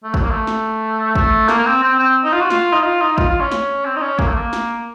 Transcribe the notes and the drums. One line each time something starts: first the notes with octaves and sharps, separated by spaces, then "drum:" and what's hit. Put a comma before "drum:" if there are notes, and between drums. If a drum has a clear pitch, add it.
A3
F#3, drum: kick
A#3
A3
drum: snare
A3, drum: kick
A#3, drum: snare
A#3
C4
C4
C4
D#4
F4
F#4
F4, drum: snare
D#4
F4
D#4
F4, drum: kick
F4
C#4
drum: snare
C4
D#4
C#4
A#3, drum: kick
A3
A#3
drum: snare